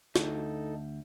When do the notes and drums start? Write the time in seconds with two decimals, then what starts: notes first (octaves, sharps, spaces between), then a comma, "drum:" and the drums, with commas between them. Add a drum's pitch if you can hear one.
0.16 D2 D#4 A4, drum: snare